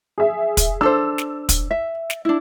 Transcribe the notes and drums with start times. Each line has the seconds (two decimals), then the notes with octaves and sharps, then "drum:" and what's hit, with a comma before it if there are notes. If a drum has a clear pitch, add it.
0.18 G#4 E5
0.57 drum: kick, hi-hat
0.81 D4 A4 C5 E6
1.18 drum: snare
1.49 drum: kick, hi-hat
1.71 E5
2.10 drum: snare
2.25 D4 E4